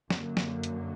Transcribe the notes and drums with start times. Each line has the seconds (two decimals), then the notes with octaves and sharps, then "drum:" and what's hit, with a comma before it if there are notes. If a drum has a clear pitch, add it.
0.10 F#2 D3 F#3 A#3, drum: snare
0.37 drum: snare
0.63 drum: hi-hat